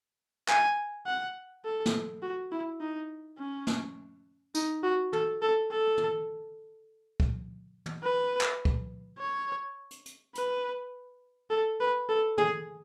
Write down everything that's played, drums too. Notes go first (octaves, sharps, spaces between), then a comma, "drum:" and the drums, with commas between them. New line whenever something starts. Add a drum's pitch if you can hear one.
G#5, drum: clap
F#5
A4
drum: snare
F#4
E4
D#4
C#4
drum: snare
D#4, drum: tambourine
F#4
A4, drum: tom
A4
A4
drum: tom
drum: kick C#2
drum: tom
B4
drum: clap
drum: kick C#2
C#5
drum: hi-hat
drum: hi-hat
B4, drum: hi-hat
A4
B4
A4
G#4, drum: tom